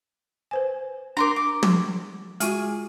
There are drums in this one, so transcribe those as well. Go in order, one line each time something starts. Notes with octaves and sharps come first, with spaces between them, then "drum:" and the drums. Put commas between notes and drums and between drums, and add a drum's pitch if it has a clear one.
B4 C5 G#5
D4 A#4 A#5 C6 D6
D6
drum: tom
G#3 F4 F#4 G#4, drum: hi-hat